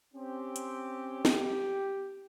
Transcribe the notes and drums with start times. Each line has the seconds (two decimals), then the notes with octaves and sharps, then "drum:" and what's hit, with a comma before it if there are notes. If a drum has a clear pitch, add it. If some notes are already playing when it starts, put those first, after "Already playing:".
0.14 C4 C#4 G4
0.56 drum: hi-hat
1.25 G4, drum: snare